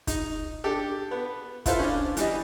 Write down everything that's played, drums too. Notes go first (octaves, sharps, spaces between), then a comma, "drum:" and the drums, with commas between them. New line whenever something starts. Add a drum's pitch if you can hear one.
D#4, drum: kick, hi-hat
D4 G4 A4
B3
E4 F4 A4 B4 C5 F5, drum: kick, hi-hat
C#4 D4
E3 G3 D#5, drum: hi-hat